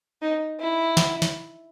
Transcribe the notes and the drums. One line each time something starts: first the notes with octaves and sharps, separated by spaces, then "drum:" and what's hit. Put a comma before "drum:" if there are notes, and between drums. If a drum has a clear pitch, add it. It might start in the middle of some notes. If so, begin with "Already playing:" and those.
D#4
E4
drum: snare
drum: snare